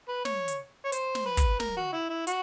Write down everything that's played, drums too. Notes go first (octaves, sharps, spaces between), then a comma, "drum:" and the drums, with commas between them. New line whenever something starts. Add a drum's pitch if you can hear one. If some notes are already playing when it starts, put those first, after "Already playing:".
B4
C#5, drum: snare
drum: hi-hat
C#5
C5, drum: hi-hat
drum: snare
B4
drum: kick, hi-hat
A#4, drum: snare
F#4
E4
E4
F#4, drum: hi-hat